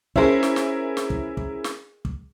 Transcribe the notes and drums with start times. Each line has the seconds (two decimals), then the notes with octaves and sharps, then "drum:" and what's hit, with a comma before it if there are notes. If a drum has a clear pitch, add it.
0.16 C#4 E4 G#4 A#4 C5, drum: kick
0.43 drum: snare
0.56 drum: snare
0.97 drum: snare
1.10 drum: kick
1.37 drum: kick
1.64 drum: snare
2.05 drum: kick